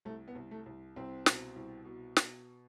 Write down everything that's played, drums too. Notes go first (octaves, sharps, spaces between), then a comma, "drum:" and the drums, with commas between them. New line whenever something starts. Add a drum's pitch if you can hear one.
C2 A3
B3
C2
A3
C2
C2 C4
B2, drum: snare
C2
B2
B2, drum: snare